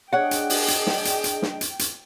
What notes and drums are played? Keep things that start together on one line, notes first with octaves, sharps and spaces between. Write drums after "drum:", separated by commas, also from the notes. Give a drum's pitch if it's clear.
D4 G#4 C#5 D#5 F#5 G5
drum: hi-hat
drum: open hi-hat
drum: hi-hat
drum: snare
drum: hi-hat
drum: hi-hat
drum: snare
drum: hi-hat
drum: hi-hat